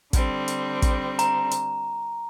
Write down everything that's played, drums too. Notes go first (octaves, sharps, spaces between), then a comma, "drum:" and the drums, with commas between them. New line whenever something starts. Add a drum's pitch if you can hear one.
D3 G3 C4, drum: kick, hi-hat
drum: hi-hat
drum: kick, hi-hat
A#5, drum: hi-hat
drum: hi-hat